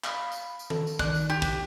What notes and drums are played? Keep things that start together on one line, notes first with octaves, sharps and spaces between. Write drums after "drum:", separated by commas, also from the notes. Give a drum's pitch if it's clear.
F5 B5, drum: clap
drum: tambourine
drum: tambourine
A4, drum: tom D#3
drum: tambourine
D#3 D5 F#6, drum: kick
drum: tambourine
G4
drum: kick, tambourine